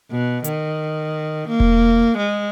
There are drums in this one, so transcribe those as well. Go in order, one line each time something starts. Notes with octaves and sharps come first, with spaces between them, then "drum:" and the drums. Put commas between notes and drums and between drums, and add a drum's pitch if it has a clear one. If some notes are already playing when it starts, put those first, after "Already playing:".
B2
D#3, drum: hi-hat
A#3
drum: kick E1
G#3